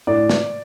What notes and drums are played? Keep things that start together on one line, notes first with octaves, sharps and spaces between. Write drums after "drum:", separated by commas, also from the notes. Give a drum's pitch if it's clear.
A2 D5
drum: snare